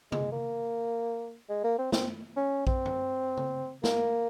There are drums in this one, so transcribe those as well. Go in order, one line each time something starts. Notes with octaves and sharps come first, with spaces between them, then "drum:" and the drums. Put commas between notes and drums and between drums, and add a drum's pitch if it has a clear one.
G#3, drum: tom C3
A#3
G#3
A#3
C4
C4, drum: snare
C#4
C4, drum: kick A#1
drum: tom G2
drum: tom C#3
A#3, drum: snare